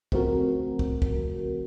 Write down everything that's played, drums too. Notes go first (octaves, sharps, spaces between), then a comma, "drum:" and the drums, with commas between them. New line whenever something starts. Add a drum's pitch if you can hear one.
C#3 F3 A3 C4 F#4 A#4, drum: kick
drum: kick
drum: kick